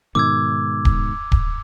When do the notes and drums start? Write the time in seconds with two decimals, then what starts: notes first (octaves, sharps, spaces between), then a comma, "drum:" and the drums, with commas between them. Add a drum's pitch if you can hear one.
0.15 G#2 B2 D#3 D6 E6 G#6
0.85 drum: kick D1
1.32 drum: kick D1